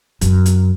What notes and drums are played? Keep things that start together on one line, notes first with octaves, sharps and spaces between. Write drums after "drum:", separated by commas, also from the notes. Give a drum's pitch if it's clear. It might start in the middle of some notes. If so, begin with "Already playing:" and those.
F#2, drum: kick, hi-hat
drum: hi-hat